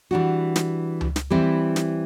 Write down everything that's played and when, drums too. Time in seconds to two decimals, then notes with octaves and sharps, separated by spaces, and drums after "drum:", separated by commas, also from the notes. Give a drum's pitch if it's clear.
0.11 E3 G3 D4 F#4
0.56 drum: snare
1.01 drum: tom C#2
1.16 drum: snare
1.30 E3 G3 C4 E4
1.76 drum: snare